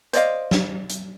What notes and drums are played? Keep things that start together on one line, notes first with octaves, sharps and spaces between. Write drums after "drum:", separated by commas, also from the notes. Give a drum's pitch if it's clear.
C5 D5 D#5 F5, drum: hi-hat
drum: snare
drum: hi-hat